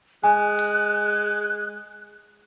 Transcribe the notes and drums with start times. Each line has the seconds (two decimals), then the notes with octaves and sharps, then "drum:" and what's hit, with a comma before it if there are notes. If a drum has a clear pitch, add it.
0.24 G#3 G#5 F#6
0.59 drum: open hi-hat